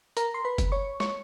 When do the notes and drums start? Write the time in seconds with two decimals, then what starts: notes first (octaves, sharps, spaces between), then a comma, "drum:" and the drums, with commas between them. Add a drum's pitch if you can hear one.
0.17 A#4 A#5, drum: hi-hat
0.34 C6
0.45 B4 B5
0.58 drum: kick F#1, hi-hat
0.72 C#5 C#6
1.00 C#5 C#6, drum: snare